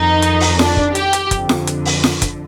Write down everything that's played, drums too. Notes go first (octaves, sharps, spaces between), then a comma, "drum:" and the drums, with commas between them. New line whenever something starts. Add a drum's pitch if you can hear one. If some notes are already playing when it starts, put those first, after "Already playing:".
Already playing: F2 D#3 D#4
drum: hi-hat
drum: open hi-hat
D4, drum: snare F4
drum: kick
G4, drum: hi-hat
drum: hi-hat
F2 D3, drum: kick, hi-hat
drum: snare F4
drum: hi-hat
drum: open hi-hat
drum: snare F4
drum: kick, hi-hat